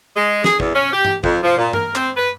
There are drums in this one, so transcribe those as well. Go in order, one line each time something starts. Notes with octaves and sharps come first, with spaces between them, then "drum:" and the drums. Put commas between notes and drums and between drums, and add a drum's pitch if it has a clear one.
G#3
G#4, drum: snare
E2, drum: kick
C#4
G4
drum: tom G2
F2, drum: kick
F3
A#2
A#4, drum: tom G2
C4, drum: clap
B4